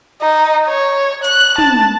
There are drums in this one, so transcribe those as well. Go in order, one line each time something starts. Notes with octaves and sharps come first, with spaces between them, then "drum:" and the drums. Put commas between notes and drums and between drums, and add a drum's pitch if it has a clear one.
D#4
C#5
F#6, drum: hi-hat
A5, drum: tom